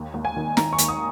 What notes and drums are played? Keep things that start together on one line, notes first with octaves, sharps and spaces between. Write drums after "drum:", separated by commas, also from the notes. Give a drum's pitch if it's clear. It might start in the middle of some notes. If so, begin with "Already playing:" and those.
Already playing: D#2
D#2
G#5
D#3
D#3 A#5, drum: snare
C#6
D#2, drum: hi-hat
D#6